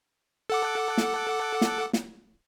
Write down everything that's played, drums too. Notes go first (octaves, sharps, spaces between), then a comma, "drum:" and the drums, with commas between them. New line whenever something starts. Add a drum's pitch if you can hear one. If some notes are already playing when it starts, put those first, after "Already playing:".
A4 F#5 D6
drum: snare
drum: snare
drum: snare